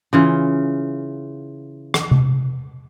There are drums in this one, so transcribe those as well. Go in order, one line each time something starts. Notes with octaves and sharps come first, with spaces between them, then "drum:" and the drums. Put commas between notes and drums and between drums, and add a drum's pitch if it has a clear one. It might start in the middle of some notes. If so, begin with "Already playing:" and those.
C#3 E3 F4
drum: rim click
drum: tom C3